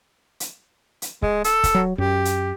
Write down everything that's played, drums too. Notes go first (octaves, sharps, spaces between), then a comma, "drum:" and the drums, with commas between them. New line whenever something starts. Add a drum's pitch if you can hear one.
drum: hi-hat
drum: hi-hat
G#3, drum: kick C#1
A4, drum: hi-hat
drum: kick C#1, hi-hat
F#3
F#2 G4
drum: hi-hat